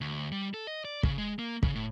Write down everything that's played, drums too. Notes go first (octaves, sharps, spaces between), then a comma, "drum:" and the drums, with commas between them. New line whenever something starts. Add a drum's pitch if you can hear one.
D2
G3
A4
D#5
D5
C#3, drum: kick
G#3
A#3
C#3, drum: kick
A2